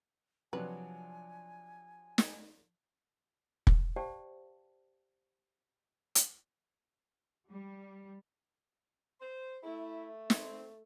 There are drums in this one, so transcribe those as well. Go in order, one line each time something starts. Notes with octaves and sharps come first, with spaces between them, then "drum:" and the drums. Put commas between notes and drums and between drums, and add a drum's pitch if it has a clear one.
C3 F3 F#3 D4 B4 G#5
drum: snare
drum: kick
G4 C5 D5 F5 G5 A5
drum: hi-hat
G3
C5
A3 E4
C4, drum: snare